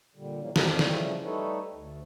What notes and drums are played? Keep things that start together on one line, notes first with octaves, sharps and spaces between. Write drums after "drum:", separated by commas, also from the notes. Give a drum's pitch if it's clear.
A#2 D3 G3
C#3 E3 F#3 A#3
F2 C4 D5 F5 A5, drum: snare
C#3 E3 F3 G3 A3, drum: snare
G3 A3 D#4 A4 B4 C#5
D2